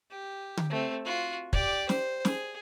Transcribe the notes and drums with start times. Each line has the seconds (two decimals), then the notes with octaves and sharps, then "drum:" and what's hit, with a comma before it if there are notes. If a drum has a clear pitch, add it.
0.10 G4
0.57 drum: tom D3
0.70 A3 C4
1.05 F4 F#4
1.53 G4 D5, drum: kick
1.89 C5, drum: snare
2.25 G#4, drum: snare